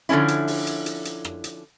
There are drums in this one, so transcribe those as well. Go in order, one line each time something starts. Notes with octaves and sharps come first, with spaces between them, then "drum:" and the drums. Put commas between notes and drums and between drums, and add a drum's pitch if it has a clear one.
D3 F3 A3 C#4 E4
drum: hi-hat
drum: open hi-hat
drum: hi-hat
drum: hi-hat
drum: hi-hat
drum: rim click
drum: hi-hat